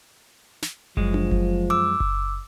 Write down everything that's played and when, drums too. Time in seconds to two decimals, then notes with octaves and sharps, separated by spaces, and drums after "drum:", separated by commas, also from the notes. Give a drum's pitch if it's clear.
0.62 drum: snare
0.97 F#2 F3 G#3, drum: kick F#1
1.14 drum: tom D4
1.31 drum: kick F#1
1.70 D6 E6
2.00 drum: kick F#1